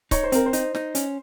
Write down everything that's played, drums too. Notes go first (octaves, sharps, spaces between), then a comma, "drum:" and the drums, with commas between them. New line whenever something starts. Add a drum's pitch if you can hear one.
D#4 C#5, drum: kick C#1, hi-hat
C5
C4 A#4, drum: hi-hat
C5
D#4, drum: hi-hat
D#4, drum: snare
C#4, drum: hi-hat